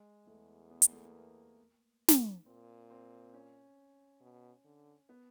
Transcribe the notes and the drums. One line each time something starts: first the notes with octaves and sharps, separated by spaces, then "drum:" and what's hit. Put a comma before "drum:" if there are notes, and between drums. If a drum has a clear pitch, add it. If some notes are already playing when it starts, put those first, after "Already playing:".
Already playing: G#3
E2 A3
B3
A#3, drum: hi-hat
A3
A#3
drum: snare
A#2 C4
C4
C#4
B2
D3
B3